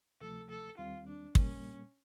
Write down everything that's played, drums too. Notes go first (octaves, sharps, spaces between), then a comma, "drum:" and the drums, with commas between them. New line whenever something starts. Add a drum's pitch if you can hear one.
D2 C3 F3 A3 A4
A4
D#2 D#3 G3 C4 F4
D4
A#2 G3 A#3 C#4, drum: kick